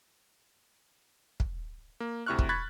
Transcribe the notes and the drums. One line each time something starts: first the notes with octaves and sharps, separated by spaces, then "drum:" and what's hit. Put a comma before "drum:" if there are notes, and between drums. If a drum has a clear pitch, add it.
drum: kick
A#3
D2 C3 E4 C#6 F6 F#6
drum: kick
B5 C#6 F#6 G#6 A6 B6